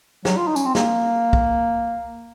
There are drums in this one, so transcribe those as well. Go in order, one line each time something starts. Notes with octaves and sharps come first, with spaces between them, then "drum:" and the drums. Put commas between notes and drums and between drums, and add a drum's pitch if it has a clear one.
F#3, drum: snare
F4
D#4
C#4, drum: tambourine
C4
A#3, drum: snare
drum: kick